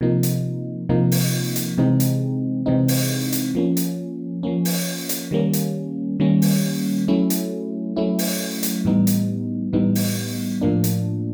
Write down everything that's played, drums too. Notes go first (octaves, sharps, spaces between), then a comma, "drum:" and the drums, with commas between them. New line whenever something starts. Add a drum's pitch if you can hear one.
C3 F3 A#3 D#4
drum: hi-hat
C3 F3 A#3 D#4
drum: open hi-hat
drum: hi-hat
C3 E3 G#3 C4 D#4
drum: hi-hat
C3 E3 G#3 C4 D#4
drum: open hi-hat
drum: hi-hat
F3 A#3 C#4
drum: hi-hat
F3 A#3 C#4
drum: open hi-hat
drum: hi-hat
D#3 G3 A#3 C#4
drum: hi-hat
D#3 G3 A#3 C#4
drum: open hi-hat
F#3 A3 C#4 E4
drum: hi-hat
F#3 A3 C#4 E4
drum: open hi-hat
drum: hi-hat
A2 E3 G3 B3 D#4
drum: hi-hat
A2 E3 G3 B3 D#4
drum: open hi-hat
A2 F3 A#3 D4
drum: hi-hat